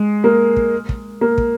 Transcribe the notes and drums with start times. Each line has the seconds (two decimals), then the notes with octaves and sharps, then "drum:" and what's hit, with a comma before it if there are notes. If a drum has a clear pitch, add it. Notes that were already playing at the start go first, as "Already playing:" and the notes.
Already playing: G#3
0.24 A#3
0.57 drum: kick
0.89 drum: kick
1.21 A#3
1.38 drum: kick